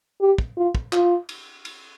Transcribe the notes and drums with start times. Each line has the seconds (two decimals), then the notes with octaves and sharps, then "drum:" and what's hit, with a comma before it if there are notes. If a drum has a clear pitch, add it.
0.21 G4
0.38 drum: kick
0.57 F4
0.75 drum: kick
0.93 F4, drum: clap
1.29 drum: cymbal
1.65 drum: cymbal